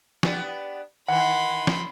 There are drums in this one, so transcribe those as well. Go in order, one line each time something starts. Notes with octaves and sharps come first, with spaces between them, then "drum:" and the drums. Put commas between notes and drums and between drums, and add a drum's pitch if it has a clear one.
B3 D4 G4, drum: snare
D#3 E3 F#5 B5 C6
drum: snare